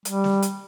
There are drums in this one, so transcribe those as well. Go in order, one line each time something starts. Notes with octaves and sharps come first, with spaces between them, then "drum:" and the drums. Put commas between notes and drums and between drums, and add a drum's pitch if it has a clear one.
G3, drum: hi-hat
drum: snare
drum: hi-hat